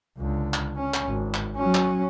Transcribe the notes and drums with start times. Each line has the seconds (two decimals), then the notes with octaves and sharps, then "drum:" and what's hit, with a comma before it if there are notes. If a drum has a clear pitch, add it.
0.18 C#2 D3
0.54 drum: clap
0.77 C#4
0.94 drum: clap
1.07 G#1
1.34 drum: clap
1.57 F#3 C#4
1.75 drum: clap